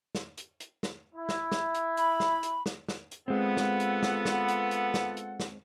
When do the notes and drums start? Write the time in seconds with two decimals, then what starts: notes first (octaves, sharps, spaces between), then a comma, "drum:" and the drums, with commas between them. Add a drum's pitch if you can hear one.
0.15 drum: snare
0.37 drum: hi-hat
0.60 drum: hi-hat
0.83 drum: snare
1.15 E4
1.29 drum: snare
1.52 drum: snare
1.74 drum: hi-hat
1.97 B5, drum: hi-hat
2.20 drum: snare
2.43 drum: hi-hat
2.66 drum: snare
2.89 drum: snare
3.11 drum: hi-hat
3.28 G#3 B3 C4 F4 A4 F#5
3.57 drum: snare
3.80 drum: hi-hat
4.03 drum: snare
4.25 drum: snare
4.48 drum: hi-hat
4.71 drum: hi-hat
4.94 drum: snare
5.17 drum: hi-hat
5.40 drum: snare